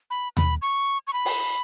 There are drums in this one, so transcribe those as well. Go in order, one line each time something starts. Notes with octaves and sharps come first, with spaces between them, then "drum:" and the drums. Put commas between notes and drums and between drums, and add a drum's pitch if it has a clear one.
B5
B5, drum: tom D#2
C#6
C#6
B5
drum: open hi-hat